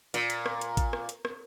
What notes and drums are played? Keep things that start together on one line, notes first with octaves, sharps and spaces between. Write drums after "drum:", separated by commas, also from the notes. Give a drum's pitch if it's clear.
A#2, drum: hi-hat
drum: hi-hat
drum: rim click
drum: hi-hat
drum: kick A1, hi-hat
drum: rim click
drum: hi-hat
drum: rim click